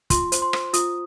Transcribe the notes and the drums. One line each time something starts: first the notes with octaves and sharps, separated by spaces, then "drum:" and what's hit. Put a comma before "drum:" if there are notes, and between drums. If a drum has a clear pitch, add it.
F4 C6, drum: kick, hi-hat
C5, drum: hi-hat
C6
C5, drum: rim click
F4 D#6, drum: hi-hat